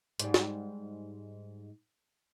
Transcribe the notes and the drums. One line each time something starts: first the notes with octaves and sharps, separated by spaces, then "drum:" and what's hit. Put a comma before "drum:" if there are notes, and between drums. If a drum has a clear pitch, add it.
G#2 G3, drum: hi-hat
drum: snare